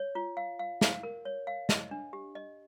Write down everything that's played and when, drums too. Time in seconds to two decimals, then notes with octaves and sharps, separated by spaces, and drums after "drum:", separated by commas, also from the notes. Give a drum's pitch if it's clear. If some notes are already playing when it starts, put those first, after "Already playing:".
Already playing: C#5
0.15 F4
0.37 F5
0.59 F5
0.81 F5, drum: snare
1.03 A#4
1.25 C#5
1.47 F5
1.69 D#5, drum: snare
1.91 D4
2.13 G4
2.35 D#5